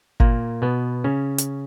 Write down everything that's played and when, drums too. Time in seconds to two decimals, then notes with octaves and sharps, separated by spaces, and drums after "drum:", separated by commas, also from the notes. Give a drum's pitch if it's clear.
0.20 A#2 A#3, drum: kick G#1
0.62 B2 B3
1.04 C#3 C#4
1.38 drum: hi-hat